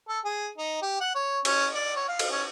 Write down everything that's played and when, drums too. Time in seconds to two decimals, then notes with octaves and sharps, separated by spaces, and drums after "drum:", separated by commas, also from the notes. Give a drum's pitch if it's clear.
0.08 A4
0.25 G#4
0.58 D#4
0.82 G4
1.01 F#5
1.15 C#5
1.45 C#4, drum: cymbal
1.75 D5
1.96 C#5
2.08 F5
2.19 drum: cymbal
2.31 C#4